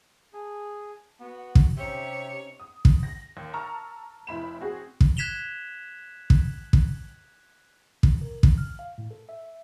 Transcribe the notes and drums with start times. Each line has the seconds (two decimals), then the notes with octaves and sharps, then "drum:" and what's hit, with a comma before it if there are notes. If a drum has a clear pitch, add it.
0.33 G#4 A5
1.21 B3 F#4
1.55 drum: kick
1.77 C3 C4 C#4 D#4 G4 C#5 E5
2.60 D#6
2.85 drum: kick
3.03 A#6
3.37 D#2
3.53 A5 A#5 C#6 E6 F6
4.27 F1 E4 B5 E7
4.60 C4 F#4 G#4
5.01 drum: kick
5.17 F#6 G#6 B6 E7 F7 G7
6.30 drum: kick
6.73 drum: kick
8.03 B2, drum: kick
8.21 A#4
8.43 F2, drum: kick
8.58 F6
8.79 F5
8.98 A2
9.11 A4
9.29 E5